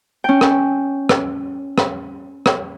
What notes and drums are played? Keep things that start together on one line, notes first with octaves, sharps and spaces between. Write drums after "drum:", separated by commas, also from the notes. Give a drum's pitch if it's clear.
C#4 G5
drum: rim click
drum: rim click
drum: rim click
drum: rim click